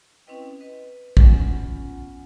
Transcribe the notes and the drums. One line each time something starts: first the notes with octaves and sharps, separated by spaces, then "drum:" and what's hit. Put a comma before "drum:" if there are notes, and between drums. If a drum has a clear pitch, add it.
C4 C#4 E4 B4 D#5 G5
B4 D#5
B3 C#4 F4 F#5 G#5, drum: kick